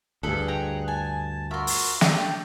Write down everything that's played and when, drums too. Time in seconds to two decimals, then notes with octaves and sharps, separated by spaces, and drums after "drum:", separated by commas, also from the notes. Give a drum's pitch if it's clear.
0.23 D2 G2 E4 G#4 A4 F#6
0.48 C#5 G5 A#5
0.88 G#5 A5
1.51 F4 F#4 A#4 E5 C6
1.67 drum: open hi-hat
2.01 A3 D4 G4, drum: snare